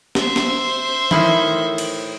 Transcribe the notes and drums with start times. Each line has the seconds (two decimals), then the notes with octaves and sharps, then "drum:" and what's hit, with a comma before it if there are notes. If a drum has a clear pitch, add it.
0.15 C5 E5, drum: snare
0.36 drum: snare
1.11 A2 D#3 E4, drum: tom E3
1.78 drum: cymbal